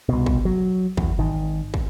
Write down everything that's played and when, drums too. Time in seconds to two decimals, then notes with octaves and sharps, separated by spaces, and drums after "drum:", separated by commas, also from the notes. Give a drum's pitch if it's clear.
0.09 C2 B2
0.26 drum: kick
0.45 F#3
0.97 E2, drum: kick
1.18 G#1 D#3
1.74 drum: kick